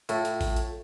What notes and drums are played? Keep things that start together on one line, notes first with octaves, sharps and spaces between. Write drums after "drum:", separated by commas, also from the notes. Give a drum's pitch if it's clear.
A2 F4 A4, drum: hi-hat
drum: hi-hat
drum: kick A1, open hi-hat
drum: hi-hat